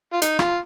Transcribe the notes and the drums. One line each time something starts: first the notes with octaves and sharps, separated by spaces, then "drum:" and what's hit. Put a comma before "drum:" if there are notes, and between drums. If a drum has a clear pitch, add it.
F4
D#4, drum: hi-hat
F4, drum: rim click